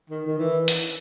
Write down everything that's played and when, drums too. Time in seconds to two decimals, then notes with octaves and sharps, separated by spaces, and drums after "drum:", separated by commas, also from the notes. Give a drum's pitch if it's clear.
0.10 D#3
0.27 D#3
0.39 E3
0.68 drum: hi-hat